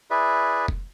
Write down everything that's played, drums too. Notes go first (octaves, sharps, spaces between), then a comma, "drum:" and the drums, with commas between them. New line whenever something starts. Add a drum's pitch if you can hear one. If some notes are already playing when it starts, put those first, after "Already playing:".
E4 G#4 B4 D5 E5
drum: kick F1